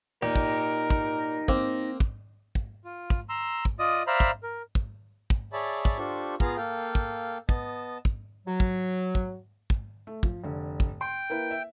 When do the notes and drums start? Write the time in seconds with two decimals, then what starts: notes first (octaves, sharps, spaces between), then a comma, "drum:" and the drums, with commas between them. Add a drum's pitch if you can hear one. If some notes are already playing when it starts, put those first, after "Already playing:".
0.22 A#2 D#4 G4 A#4
0.35 drum: kick
0.90 drum: kick
1.48 A#3 C4, drum: kick
2.00 drum: kick
2.55 drum: kick
2.85 F4
3.10 drum: kick
3.29 A#5 C6 E6
3.65 drum: kick
3.79 F4 D5 D#5 D#6
4.07 C5 D5 E5 F5 A#5 B5
4.20 drum: kick
4.43 A#4
4.75 drum: kick
5.30 drum: kick
5.53 G#4 C#5 D5 E5 A5 B5
5.85 drum: kick
5.98 D4 F4 G4 A4 C5 C#6
6.40 B3 F4 G#4 F5 A#5, drum: kick
6.57 A#3 A4 F5 G5
6.95 drum: kick
7.49 B3 D#5 A5, drum: kick
8.05 drum: kick
8.46 F#3
8.60 drum: kick
9.15 drum: kick
9.70 drum: kick
10.07 A3
10.23 F3, drum: kick
10.44 F1 D3
10.80 drum: kick
11.01 G5 C6
11.30 A#3 E4 B4
11.51 E5